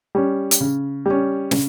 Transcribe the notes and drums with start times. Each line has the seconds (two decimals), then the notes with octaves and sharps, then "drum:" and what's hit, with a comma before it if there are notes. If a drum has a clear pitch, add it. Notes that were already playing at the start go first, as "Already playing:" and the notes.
0.15 G3 C#4
0.51 drum: hi-hat
0.61 C#3
1.06 G3 C#4
1.51 C#3, drum: snare